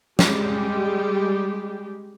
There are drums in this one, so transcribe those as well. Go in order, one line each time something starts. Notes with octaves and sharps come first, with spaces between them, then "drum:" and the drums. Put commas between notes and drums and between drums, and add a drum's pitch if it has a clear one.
G3 G#3 G4, drum: snare